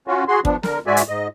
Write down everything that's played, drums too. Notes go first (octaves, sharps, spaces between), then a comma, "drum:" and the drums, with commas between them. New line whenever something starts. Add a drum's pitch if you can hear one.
C#4 F4 F#4
F#4 G#4 C6
F3 B3 D4, drum: kick
D3 A#4, drum: snare
G#2 G#3 F#4 D5 E5 G#5
drum: hi-hat
G#2 D#5